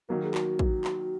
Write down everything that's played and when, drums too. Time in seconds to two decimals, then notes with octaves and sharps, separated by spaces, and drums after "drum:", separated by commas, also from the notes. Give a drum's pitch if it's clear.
0.09 D#3 F#3 A#3 F#4
0.22 G#4
0.34 F#4, drum: clap
0.59 drum: kick
0.84 drum: clap